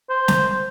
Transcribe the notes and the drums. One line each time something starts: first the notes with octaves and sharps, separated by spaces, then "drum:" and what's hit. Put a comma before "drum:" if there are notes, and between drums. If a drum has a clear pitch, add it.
C5
drum: snare